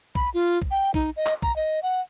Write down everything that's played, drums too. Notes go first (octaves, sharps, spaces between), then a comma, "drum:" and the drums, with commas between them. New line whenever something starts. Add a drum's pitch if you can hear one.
B5, drum: kick
F4
drum: kick
G5
D#4, drum: kick
D#5
drum: clap
A#5, drum: kick
D#5
F#5